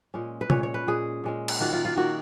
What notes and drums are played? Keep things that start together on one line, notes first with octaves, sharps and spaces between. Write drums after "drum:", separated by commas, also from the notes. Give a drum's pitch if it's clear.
A#2 G#3 C#4
B4
A#2 G#3 C#4 C#5, drum: tom C3
C#5
B4
A#2 G#3 C#4 G#4
A#2 G#3 C#4
drum: cymbal
D#3 A#3 F4 F#4
F4
F4
D#3 A#3 F4 F#4